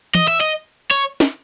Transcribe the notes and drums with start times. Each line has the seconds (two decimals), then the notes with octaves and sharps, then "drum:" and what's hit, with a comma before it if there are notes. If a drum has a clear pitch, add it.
0.15 D#5, drum: tom E3
0.28 E5
0.41 D#5
0.91 C#5
1.20 drum: snare